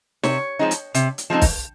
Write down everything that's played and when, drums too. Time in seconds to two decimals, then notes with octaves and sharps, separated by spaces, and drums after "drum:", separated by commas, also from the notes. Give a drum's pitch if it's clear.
0.23 C3 C#5, drum: snare
0.59 F3 G#3 C4 D#4
0.71 drum: hi-hat
0.94 C3, drum: hi-hat
1.18 drum: hi-hat
1.30 F3 G#3 C4 D#4
1.41 drum: kick, open hi-hat